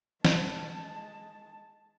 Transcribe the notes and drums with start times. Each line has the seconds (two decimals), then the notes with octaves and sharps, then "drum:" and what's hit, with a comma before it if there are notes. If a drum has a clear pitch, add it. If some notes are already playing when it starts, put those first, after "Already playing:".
0.25 G#3 A5, drum: snare